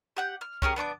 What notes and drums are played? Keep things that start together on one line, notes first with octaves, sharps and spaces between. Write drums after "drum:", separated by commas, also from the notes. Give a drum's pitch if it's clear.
G4 F#5 G6
F6
C#4 G4 G#4 A#4, drum: kick C2
B3 D4 C#6 D6